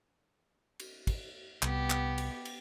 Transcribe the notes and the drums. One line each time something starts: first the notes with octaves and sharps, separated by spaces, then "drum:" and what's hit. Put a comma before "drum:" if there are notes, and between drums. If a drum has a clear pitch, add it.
drum: cymbal
drum: kick, cymbal
C2 B3 G4, drum: clap
drum: clap
drum: cymbal
drum: cymbal